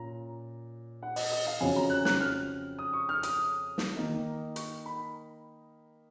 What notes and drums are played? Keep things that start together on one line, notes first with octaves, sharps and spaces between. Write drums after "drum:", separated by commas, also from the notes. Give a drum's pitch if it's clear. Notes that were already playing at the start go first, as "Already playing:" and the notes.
Already playing: A#2 C#4 A#5
F#5
D#5, drum: open hi-hat
D#5
F5
F2 C#3 F#3 C#4 G#5
A#5
F#6
F#6, drum: snare
F6
D#6
C#6
F6
D#6, drum: hi-hat
drum: snare
D#3 A#3 D#4
C#6, drum: hi-hat
B5